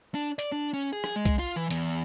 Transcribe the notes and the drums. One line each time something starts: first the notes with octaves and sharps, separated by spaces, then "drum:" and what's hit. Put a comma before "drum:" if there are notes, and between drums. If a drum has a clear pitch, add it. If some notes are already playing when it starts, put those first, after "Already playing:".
D4
D5, drum: hi-hat
D4
C#4
G#4
drum: rim click
G#3
drum: kick, hi-hat
F4
E3
E2, drum: hi-hat